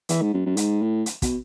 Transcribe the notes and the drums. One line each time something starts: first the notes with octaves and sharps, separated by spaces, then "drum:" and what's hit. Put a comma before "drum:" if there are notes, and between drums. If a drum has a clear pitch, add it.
E3, drum: hi-hat
G#2
F#2
F#2
G#2, drum: hi-hat
A2
drum: hi-hat
B2, drum: kick, hi-hat